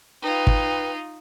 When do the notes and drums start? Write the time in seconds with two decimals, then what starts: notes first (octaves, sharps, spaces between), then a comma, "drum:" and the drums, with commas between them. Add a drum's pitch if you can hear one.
0.22 D#4 F4 B4 G5
0.47 drum: kick